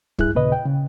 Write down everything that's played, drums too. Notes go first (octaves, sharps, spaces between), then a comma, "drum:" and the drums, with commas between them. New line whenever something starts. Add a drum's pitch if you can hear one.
G2 E4 G#4 F#6, drum: kick
D#2 A#2 C#3 B4 D#5
G5
C#3